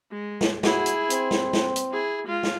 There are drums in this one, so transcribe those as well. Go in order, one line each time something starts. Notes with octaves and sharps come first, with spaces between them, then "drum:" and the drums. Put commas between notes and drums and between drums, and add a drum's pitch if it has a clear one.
G#3
drum: snare
E4 F#4 G#4, drum: snare
drum: hi-hat
C4, drum: hi-hat
drum: snare
drum: snare
drum: hi-hat
E4 G#4
G#3 F4
drum: snare